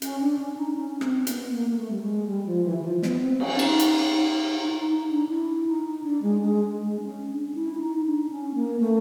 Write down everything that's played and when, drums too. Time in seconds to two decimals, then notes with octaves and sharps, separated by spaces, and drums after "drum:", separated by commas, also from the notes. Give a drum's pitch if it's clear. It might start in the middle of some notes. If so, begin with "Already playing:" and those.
0.02 C#4, drum: hi-hat
0.20 D4
0.39 C#4
0.57 D#4
0.76 C#4
1.01 C4, drum: rim click
1.27 B3, drum: hi-hat
1.52 A#3
1.70 A#3
1.77 A3
1.91 G3
2.02 G#3
2.27 G3
2.46 F3
2.65 E3
2.78 E3
2.84 F3
3.03 B3, drum: snare
3.21 C4
3.40 C#4, drum: cymbal
3.59 D#4, drum: cymbal
3.79 drum: hi-hat
4.53 D#4
4.67 E4
4.72 D#4
4.91 D#4
5.10 D4
5.29 E4
5.66 D#4
6.03 D4
6.22 G#3
6.42 G#3
6.79 G#3
6.99 D4
7.04 C#4
7.30 D4
7.55 E4
7.74 E4
7.79 D#4
8.05 D4
8.30 C#4
8.55 A#3
8.80 A3